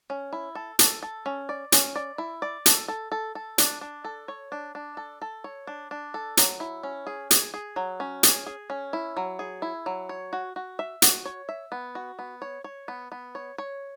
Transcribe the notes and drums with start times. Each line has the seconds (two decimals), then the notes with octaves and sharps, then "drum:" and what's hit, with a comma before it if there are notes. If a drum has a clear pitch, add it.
0.10 C#4
0.33 E4
0.55 A4
0.79 A4, drum: hi-hat
1.03 A4
1.26 C#4
1.49 D5
1.72 C#4, drum: hi-hat
1.96 D5
2.18 E4
2.42 D5
2.66 A4, drum: hi-hat
2.88 A4
3.12 A4
3.35 A4
3.58 D4, drum: hi-hat
3.81 D4
4.04 A4
4.28 C#5
4.52 D4
4.75 D4
4.97 A4
5.22 A4
5.44 C#5
5.67 D4
5.91 D4
6.14 A4
6.37 F#3, drum: hi-hat
6.60 E4
6.83 C#4
7.07 G#4
7.31 G#4, drum: hi-hat
7.54 G#4
7.76 F#3
8.00 C#4
8.23 G#4, drum: hi-hat
8.47 G#4
8.70 C#4
8.93 E4
9.17 F#3
9.39 G#4
9.62 E4
9.86 F#3
10.09 C#5
10.33 F#4
10.56 F#4
10.79 E5
11.02 F#4, drum: hi-hat
11.25 C#5
11.49 E5
11.72 B3
11.95 F#4
12.19 B3
12.42 C#5
12.64 C#5
12.88 B3
13.12 B3
13.35 C#5
13.58 C#5